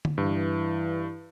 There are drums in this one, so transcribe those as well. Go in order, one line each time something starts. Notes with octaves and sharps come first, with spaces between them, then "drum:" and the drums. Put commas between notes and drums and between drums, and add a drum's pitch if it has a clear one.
drum: tom D3
G2 E3